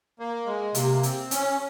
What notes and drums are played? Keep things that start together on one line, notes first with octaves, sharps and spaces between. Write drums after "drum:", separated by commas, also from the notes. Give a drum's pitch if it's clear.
A#3
G#3
C3 A#3, drum: hi-hat
C4, drum: hi-hat
C#4, drum: hi-hat